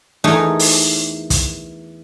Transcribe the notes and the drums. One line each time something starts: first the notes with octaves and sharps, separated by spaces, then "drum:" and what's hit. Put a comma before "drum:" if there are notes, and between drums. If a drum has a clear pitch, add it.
E2 A3 D#4 A#4 G#5
drum: open hi-hat
drum: kick, hi-hat